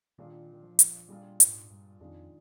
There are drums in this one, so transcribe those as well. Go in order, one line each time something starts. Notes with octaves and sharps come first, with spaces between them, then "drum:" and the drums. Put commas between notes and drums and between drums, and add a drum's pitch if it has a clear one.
A#2 D#3 G#3 D4 F4
D#3
F3
drum: hi-hat
A#2 G3 G#3 D4 F4
G#2, drum: hi-hat
G2
F2 D#3 G#3 D4 F4